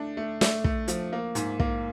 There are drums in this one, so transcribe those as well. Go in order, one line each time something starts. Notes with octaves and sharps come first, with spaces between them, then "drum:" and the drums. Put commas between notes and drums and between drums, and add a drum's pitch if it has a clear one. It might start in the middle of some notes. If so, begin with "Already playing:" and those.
Already playing: A3 D4
A3
A3, drum: snare
A3, drum: kick
F3, drum: hi-hat
A#3
G#2, drum: hi-hat
A#3, drum: kick